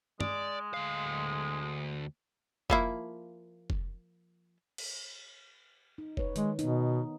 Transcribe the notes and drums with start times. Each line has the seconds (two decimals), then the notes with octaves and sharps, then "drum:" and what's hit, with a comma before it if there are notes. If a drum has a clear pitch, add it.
0.21 G#3 D5, drum: tom
0.74 D2 F5
2.70 F3 A#3 E4, drum: kick F1
3.70 drum: kick F1
4.78 drum: cymbal
5.98 D#4
6.17 B4 C#5, drum: kick F1
6.36 D#3 G#3, drum: hi-hat
6.59 B2 B3 D#4, drum: hi-hat